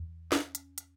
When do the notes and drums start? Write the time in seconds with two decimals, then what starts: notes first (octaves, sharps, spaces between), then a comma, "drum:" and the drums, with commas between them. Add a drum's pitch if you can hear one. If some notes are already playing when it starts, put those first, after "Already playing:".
Already playing: E2
0.32 C#4, drum: snare
0.55 drum: hi-hat
0.78 drum: hi-hat